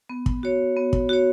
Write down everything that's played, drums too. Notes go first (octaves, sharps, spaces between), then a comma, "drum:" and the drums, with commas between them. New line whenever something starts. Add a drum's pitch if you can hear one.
B3
drum: kick
F#4 C#5
B3
drum: kick
F#4 C#5